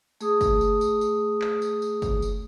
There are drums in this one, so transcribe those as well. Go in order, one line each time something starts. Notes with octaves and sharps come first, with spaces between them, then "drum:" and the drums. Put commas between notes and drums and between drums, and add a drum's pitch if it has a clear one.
A3 G#4 D#6, drum: tambourine
drum: kick, tambourine
drum: tambourine
drum: tambourine
drum: tambourine
drum: clap
drum: tambourine
drum: tambourine
drum: kick, tambourine
drum: tambourine